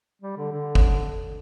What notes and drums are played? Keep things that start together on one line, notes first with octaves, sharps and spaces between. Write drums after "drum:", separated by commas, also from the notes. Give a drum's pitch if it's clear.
G3
D3
D3
drum: kick